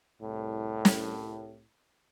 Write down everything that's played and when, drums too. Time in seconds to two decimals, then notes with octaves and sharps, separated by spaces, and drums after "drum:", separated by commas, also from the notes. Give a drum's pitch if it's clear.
0.21 C2 A2
0.85 drum: snare